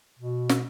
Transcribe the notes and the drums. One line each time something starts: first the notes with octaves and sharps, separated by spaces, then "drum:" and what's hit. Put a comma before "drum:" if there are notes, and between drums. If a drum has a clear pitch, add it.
B2
drum: snare